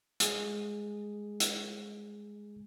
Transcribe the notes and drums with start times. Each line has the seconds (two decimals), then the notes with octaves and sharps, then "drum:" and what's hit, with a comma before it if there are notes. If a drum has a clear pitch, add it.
0.20 G#3 G#4, drum: hi-hat
1.40 drum: hi-hat